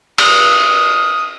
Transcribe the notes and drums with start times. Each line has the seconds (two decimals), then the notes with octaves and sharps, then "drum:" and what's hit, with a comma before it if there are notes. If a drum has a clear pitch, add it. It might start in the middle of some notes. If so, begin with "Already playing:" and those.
0.18 D#6, drum: cymbal